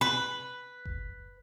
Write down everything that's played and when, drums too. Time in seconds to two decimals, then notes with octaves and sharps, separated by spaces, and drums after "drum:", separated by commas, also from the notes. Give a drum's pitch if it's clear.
0.01 B4
0.85 drum: kick F#1